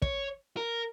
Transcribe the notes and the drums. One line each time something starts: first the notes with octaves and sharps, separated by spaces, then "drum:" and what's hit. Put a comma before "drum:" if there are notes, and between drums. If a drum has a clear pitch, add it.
C#5, drum: kick
A#4